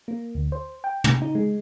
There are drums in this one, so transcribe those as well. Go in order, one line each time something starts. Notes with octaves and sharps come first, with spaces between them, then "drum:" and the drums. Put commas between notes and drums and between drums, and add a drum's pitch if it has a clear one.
A#3
D2
C5
G5
drum: tom
D#4
G#3